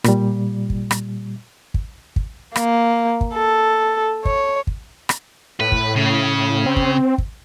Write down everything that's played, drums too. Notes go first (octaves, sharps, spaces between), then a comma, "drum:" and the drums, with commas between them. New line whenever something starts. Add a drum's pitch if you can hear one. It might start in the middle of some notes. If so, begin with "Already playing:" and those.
A#2 G3, drum: rim click
drum: kick
drum: rim click
drum: kick
drum: kick
A#3, drum: rim click
drum: kick
A4
C#5, drum: kick
drum: kick
drum: rim click
A2 B4
drum: kick
C#3
C4
drum: kick
drum: kick